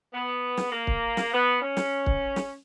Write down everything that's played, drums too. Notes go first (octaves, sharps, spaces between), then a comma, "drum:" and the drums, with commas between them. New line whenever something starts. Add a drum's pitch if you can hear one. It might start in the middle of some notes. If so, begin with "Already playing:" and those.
B3
drum: snare
A#3
drum: kick
drum: snare
B3
C#4
drum: snare
drum: kick
drum: snare